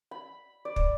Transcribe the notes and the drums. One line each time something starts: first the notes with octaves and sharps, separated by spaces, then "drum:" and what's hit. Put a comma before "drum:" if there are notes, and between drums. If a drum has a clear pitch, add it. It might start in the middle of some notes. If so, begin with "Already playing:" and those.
B5
D5
drum: kick